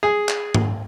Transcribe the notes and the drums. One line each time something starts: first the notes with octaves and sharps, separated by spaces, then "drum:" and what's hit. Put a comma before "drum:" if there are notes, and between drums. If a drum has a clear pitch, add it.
G#4
drum: clap
drum: tom G#2